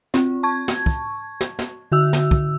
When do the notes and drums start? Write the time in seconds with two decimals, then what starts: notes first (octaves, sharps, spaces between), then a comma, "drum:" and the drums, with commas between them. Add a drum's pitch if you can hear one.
0.14 C4 F4, drum: snare
0.43 A5 C#6 G#6
0.68 drum: snare
0.86 drum: kick
1.41 drum: snare
1.59 drum: snare
1.92 D3 F#4 E5 E6
2.13 drum: snare
2.31 drum: kick